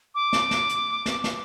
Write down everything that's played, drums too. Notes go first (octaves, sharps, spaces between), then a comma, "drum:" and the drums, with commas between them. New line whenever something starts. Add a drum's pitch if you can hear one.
D6
drum: snare
drum: snare
drum: hi-hat
drum: snare
drum: snare